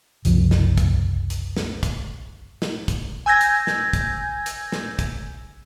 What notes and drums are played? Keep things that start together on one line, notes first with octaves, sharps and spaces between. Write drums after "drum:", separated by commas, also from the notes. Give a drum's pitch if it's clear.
F#1 C2 F3, drum: hi-hat
drum: snare
drum: kick, hi-hat
drum: hi-hat
drum: snare
drum: kick, hi-hat
drum: snare
drum: kick, hi-hat
G#5 E6 G6 G#6 A#6
drum: hi-hat
drum: snare
drum: kick, hi-hat
drum: hi-hat
drum: snare
drum: kick, hi-hat